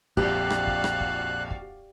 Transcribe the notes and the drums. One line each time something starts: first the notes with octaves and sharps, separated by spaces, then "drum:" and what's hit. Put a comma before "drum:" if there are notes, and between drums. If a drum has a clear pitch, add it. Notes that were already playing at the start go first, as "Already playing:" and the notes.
A#1 F2 F#4 G4 D5 F5 F#6, drum: kick
drum: rim click
drum: kick
drum: rim click
drum: kick
drum: kick